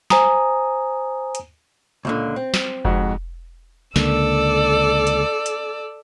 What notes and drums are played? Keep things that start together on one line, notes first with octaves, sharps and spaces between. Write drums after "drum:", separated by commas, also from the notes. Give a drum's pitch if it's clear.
C5 G#5 A#5 D#6, drum: snare
drum: hi-hat
C#2 A#2 D3
C4
drum: snare
F2 G#2 F#4, drum: kick F1
C#2 D3 A#3 A4 D5 E6, drum: snare
drum: hi-hat
drum: hi-hat